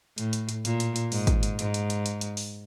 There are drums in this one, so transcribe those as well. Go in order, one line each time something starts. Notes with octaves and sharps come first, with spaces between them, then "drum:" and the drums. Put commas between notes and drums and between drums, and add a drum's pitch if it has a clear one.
A2, drum: hi-hat
drum: hi-hat
drum: hi-hat
A#2, drum: hi-hat
drum: hi-hat
drum: hi-hat
G#2, drum: open hi-hat
drum: kick, hi-hat
drum: hi-hat
G#2, drum: hi-hat
drum: hi-hat
drum: hi-hat
drum: hi-hat
drum: hi-hat
drum: open hi-hat